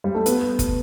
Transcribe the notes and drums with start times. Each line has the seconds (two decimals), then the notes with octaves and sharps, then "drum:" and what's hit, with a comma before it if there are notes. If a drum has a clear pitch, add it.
0.04 G3
0.15 A3
0.26 B3, drum: hi-hat
0.59 drum: kick F#1, hi-hat